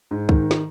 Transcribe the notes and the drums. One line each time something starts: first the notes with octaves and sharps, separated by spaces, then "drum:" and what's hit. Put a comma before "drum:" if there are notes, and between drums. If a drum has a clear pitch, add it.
G#2
D#3, drum: kick
drum: snare